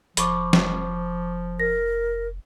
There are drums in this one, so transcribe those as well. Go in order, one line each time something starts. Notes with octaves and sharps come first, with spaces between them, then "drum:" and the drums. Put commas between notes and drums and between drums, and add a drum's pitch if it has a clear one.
F1 F3 B5 C#6 D6, drum: hi-hat
drum: snare
A#4 A#6